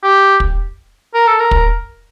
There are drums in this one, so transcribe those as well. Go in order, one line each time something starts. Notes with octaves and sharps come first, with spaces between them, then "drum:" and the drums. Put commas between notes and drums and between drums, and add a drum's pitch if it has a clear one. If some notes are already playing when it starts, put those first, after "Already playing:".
G4
drum: kick
A#4
A4
A#4
drum: kick